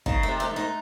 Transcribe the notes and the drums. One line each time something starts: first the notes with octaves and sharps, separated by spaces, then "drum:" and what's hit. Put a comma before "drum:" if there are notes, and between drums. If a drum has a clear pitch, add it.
C#3 D#4, drum: kick
A3
C3
A3
G#2
D#4